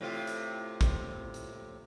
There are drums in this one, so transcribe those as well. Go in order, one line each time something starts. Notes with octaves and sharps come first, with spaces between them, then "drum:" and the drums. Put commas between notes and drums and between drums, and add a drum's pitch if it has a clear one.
A2 C3 F4
drum: hi-hat
drum: kick, hi-hat
drum: hi-hat